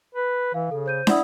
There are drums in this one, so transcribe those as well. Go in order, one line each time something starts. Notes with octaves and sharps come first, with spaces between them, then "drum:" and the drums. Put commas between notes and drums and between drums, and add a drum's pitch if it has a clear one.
B4
E3 F5
C#3 A4
C5 G6 D#7
E4 D5 F#5 D#6, drum: snare